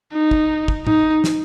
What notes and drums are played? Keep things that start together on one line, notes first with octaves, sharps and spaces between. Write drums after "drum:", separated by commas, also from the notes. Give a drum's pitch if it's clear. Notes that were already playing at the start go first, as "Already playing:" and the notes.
D#4
drum: kick
drum: kick
D#4, drum: tom A2
drum: snare